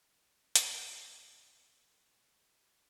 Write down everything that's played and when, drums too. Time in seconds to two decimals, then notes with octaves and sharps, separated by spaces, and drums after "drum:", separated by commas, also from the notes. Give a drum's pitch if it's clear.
0.56 drum: hi-hat
0.97 C#2 G#3
1.29 B1 C4 D4 C#6
1.86 G4 B4 D5
2.45 G#4 A#6